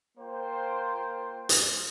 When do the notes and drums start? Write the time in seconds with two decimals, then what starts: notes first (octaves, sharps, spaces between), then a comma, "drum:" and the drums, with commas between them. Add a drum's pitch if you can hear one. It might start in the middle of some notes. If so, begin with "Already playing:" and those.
0.17 A#3 F4 C5 G5
1.49 drum: hi-hat